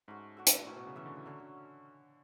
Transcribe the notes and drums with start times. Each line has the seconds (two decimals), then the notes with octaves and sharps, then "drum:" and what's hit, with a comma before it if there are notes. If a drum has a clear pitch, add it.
0.08 G#2 A3 C#4 F#4
0.37 D4 F#4 A4 E5
0.47 drum: hi-hat
0.67 A2 F#3 C#4 F#4 C#5
0.77 B2
0.87 C#3
0.95 E3 C#4 F#4 C#5 E5
1.06 D3
1.16 E3
1.26 D3 F#3 A3 C#4
1.40 D3